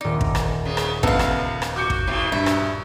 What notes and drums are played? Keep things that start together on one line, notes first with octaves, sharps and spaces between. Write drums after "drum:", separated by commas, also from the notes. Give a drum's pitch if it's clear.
D#1 D#4 D5
drum: kick
drum: rim click
C#3 B3
drum: rim click
C#2 C3 B3 A4 F5, drum: kick
drum: rim click
drum: rim click
F#4 D6 G6 C#7
drum: kick
G#2 B2 C4
G2 B2 E5
drum: rim click